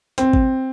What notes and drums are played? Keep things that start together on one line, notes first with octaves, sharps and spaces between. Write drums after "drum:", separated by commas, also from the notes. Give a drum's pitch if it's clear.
C4, drum: hi-hat
drum: kick G#1